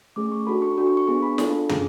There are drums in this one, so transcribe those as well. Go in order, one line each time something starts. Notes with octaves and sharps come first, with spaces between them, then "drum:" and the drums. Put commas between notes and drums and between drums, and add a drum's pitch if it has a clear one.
A3 C#4 G#4 D6
C#6
D4 F#4 A4 B5
C#6
D4 F#4 A4
C#6
C#6
B3 D4 G#4 C#6
B5
D4 F4 A4, drum: snare
C#4 G#4, drum: tom